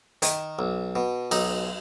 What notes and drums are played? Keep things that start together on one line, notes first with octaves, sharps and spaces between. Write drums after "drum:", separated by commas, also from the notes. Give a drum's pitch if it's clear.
D#3, drum: hi-hat
B1
B2
B1 D#4, drum: cymbal